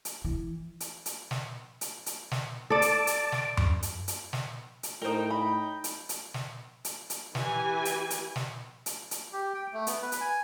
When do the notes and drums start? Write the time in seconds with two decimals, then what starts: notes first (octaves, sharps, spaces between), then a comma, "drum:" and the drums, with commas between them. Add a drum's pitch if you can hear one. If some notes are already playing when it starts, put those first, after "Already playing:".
0.05 drum: hi-hat
0.25 E3
0.80 drum: hi-hat
1.06 drum: hi-hat
1.31 drum: snare
1.81 drum: hi-hat
2.06 drum: hi-hat
2.31 drum: snare
2.70 A4 D5 A5 D6
2.82 drum: hi-hat
3.07 drum: hi-hat
3.32 drum: snare
3.57 drum: tom F#2
3.82 drum: hi-hat
4.08 drum: hi-hat
4.33 drum: snare
4.83 drum: hi-hat
5.02 A2 D#4 A#4 C5 G5
5.30 B5
5.84 drum: hi-hat
6.09 drum: hi-hat
6.34 drum: snare
6.85 drum: hi-hat
7.10 drum: hi-hat
7.35 E3 G4 G#5, drum: snare
7.85 drum: hi-hat
8.10 drum: hi-hat
8.36 drum: snare
8.86 drum: hi-hat
9.11 drum: hi-hat
9.33 G4
9.54 G5
9.73 A3
9.87 B3, drum: hi-hat
10.02 B4
10.12 drum: hi-hat
10.21 G#5